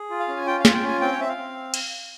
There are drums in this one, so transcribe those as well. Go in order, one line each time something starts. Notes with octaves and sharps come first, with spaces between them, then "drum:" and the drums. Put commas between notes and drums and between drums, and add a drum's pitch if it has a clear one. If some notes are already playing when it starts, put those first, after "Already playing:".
Already playing: G#4
F4
F5
C#4
G#5
F4 G5
F5
F4 G#5, drum: snare
G5
C#4 G#5
C4 G5
C#5
C4 E5
F5
C4
drum: cymbal